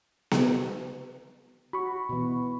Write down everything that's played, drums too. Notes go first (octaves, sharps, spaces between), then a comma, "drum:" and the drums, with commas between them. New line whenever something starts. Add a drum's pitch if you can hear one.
drum: snare B3
F#4 B5 C#6
B2 E3